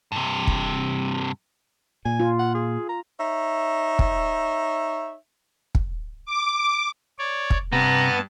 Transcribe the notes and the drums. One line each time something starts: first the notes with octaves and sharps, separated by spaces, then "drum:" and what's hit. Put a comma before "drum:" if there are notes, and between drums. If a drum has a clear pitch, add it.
G2 C3
drum: kick
A#2 G#5
F4
F#5
G#4
A#5
D#4 C#5 E5
drum: kick
drum: kick
D6
C#5 D5
drum: kick
G2 C3 B3 A5 A#5